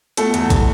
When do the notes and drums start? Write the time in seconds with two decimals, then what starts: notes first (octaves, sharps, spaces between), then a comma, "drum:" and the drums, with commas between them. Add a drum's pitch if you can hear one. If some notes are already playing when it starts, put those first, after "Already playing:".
0.17 B2 A3 A4, drum: hi-hat
0.34 E2, drum: hi-hat
0.50 G3, drum: kick A#1, hi-hat